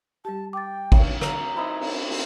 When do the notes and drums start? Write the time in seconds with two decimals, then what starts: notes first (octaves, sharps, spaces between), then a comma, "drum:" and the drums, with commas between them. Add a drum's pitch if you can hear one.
0.25 G3 G4 A5
0.53 G5 D6 A6
0.92 drum: kick, cymbal
1.21 A#5, drum: rim click
1.56 D#4 E4 C5
1.81 drum: cymbal
2.11 drum: cymbal